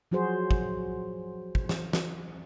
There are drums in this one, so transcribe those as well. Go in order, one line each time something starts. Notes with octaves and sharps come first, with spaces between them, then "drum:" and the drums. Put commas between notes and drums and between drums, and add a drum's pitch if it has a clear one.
F3 F#3 F#4 G#4 C5
drum: kick
drum: kick
drum: snare
drum: snare